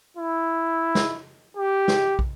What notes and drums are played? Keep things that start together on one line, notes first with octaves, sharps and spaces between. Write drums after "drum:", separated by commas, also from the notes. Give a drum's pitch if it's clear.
E4
drum: snare
G4
drum: snare
drum: kick